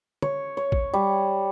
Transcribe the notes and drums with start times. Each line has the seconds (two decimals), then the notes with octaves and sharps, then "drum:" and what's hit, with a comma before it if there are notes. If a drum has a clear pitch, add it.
0.22 C#5, drum: tom
0.57 C#5
0.72 drum: kick
0.94 G3